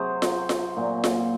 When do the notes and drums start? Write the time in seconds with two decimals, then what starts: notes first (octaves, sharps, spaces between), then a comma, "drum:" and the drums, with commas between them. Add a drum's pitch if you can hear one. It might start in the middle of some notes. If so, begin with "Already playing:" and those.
Already playing: C3 F#3 G#4 C5
0.22 drum: snare F4
0.49 drum: snare F4
0.76 A#2 F#3
1.04 drum: snare F4